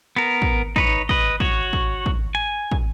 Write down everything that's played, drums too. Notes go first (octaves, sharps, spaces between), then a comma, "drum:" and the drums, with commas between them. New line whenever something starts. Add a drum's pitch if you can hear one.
B3 A#4
drum: kick
D#4 B4 C#5, drum: kick
B4 D#5, drum: kick
F#4 C#5, drum: kick
drum: kick
drum: kick
G#5
drum: kick